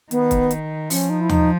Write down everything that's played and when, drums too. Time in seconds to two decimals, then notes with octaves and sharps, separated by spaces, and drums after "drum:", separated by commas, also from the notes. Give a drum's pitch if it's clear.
0.11 D#3 B3, drum: hi-hat
0.31 drum: kick, hi-hat
0.51 drum: hi-hat
0.90 F3 C#4, drum: open hi-hat
1.10 D#4
1.21 E4
1.29 D#4, drum: tom D#2